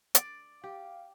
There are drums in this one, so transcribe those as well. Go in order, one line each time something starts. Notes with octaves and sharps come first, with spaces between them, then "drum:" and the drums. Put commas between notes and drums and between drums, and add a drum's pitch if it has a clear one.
D5, drum: hi-hat
G4 F5